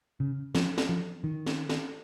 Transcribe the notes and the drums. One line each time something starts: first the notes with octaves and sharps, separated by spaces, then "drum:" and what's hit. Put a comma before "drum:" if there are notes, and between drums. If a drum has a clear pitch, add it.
C#3
F3, drum: snare
drum: snare
F3
D#3
drum: snare
drum: snare